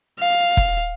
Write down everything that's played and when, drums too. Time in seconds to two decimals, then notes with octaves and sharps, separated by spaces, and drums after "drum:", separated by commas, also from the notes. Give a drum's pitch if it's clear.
0.20 F5
0.57 drum: kick E1